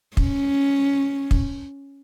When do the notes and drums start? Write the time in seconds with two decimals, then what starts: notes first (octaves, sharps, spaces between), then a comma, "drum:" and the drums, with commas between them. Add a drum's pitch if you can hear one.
0.17 C#4, drum: kick
1.31 drum: kick